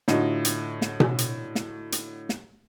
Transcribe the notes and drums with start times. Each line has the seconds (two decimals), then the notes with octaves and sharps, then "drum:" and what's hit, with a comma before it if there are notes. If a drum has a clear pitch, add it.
0.08 A2 D3 D#4 F4 F#4, drum: snare
0.45 drum: hi-hat
0.82 drum: snare
1.00 drum: tom B2
1.18 drum: hi-hat
1.55 drum: snare
1.92 drum: hi-hat
2.29 drum: snare